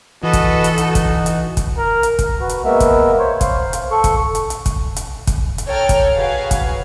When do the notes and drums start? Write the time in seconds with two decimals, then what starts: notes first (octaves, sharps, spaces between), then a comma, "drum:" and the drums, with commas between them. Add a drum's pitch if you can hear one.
0.23 E3 F#4 A4 B4 D#5
0.33 drum: kick, hi-hat
0.64 drum: hi-hat
0.78 D#4 F#4, drum: hi-hat
0.95 drum: kick, hi-hat
1.26 drum: hi-hat
1.57 drum: kick, hi-hat
1.78 A#4
2.03 drum: hi-hat
2.19 drum: kick, hi-hat
2.40 F#4 B4
2.49 drum: hi-hat
2.65 G#3 A#3 B3 A#4 B4 E5
2.80 drum: kick, hi-hat
3.19 C5 C#5
3.41 C5 F5, drum: kick, hi-hat
3.73 drum: hi-hat
3.91 A4 C#6
4.04 drum: kick, hi-hat
4.35 drum: hi-hat
4.50 drum: hi-hat
4.66 drum: kick, hi-hat
4.96 drum: hi-hat
5.27 drum: kick, hi-hat
5.58 drum: hi-hat
5.68 A4 C#5 G5 A#5 F6
5.89 drum: kick, hi-hat
6.16 F#4 G#4 B4 C#5 F5
6.51 drum: kick, hi-hat